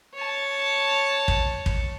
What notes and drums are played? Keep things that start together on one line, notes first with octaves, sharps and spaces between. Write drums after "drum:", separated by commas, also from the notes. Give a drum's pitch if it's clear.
C#5 A5
drum: kick
drum: kick